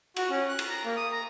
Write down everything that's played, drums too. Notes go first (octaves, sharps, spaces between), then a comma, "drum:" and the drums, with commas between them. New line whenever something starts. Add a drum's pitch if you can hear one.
F#4, drum: cymbal
C#4
F#6
drum: cymbal
A#5
A#3
D#6
A#5